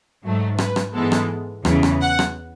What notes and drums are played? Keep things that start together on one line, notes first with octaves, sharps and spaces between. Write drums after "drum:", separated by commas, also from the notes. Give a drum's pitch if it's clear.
G#2 F#3 A3
B4, drum: rim click
drum: rim click
G#2 E3 G#3 B3 A4
drum: rim click
E2 C#3 E3, drum: rim click
drum: rim click
F#5
drum: rim click